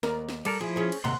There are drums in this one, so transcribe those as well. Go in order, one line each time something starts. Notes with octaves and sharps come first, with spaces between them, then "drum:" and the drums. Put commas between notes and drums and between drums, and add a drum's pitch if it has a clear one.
D#2 A#4 D5, drum: snare
drum: snare
G3 A4 A#4 D5, drum: cymbal
F3 E4 G#4
C#4 G#4 C#5
drum: cymbal
D#2 G#2 C3 F#5 C6